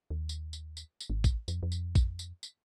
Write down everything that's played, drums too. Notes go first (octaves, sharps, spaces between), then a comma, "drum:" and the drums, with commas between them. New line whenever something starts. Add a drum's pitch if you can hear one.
D#2
drum: tambourine
drum: tambourine
drum: tambourine
drum: tambourine
G#1
drum: kick A1, tambourine
F2, drum: tambourine
F2
drum: tambourine
drum: kick A1, tambourine
drum: tambourine
drum: tambourine